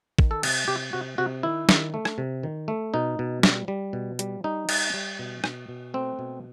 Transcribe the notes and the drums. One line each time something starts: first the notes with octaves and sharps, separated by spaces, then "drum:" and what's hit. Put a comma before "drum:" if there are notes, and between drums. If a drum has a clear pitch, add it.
D#3, drum: kick
A4
C3, drum: cymbal
C3 G4
C3 F#4
C3 F#4
D#3 E4
D#3, drum: snare
A3
drum: rim click
C3
D#3
A3
B2 D#4
B2
G3, drum: snare
G3
B2
G3, drum: hi-hat
G3 D#4
G3, drum: cymbal
G3
B2
B2, drum: rim click
B2
A3 C4
B2